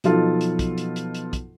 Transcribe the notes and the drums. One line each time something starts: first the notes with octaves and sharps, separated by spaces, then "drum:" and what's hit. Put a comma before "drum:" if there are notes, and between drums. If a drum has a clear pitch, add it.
B2 F3 F#3 D#4 F4 A4, drum: hi-hat
drum: hi-hat
drum: kick, hi-hat
drum: hi-hat
drum: hi-hat
drum: hi-hat
drum: kick, hi-hat